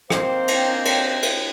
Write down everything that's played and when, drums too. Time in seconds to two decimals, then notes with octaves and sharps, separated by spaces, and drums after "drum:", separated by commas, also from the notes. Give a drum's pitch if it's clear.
0.10 D#3 A#3 C4 C5, drum: rim click
0.48 drum: cymbal
0.85 drum: cymbal
1.23 drum: cymbal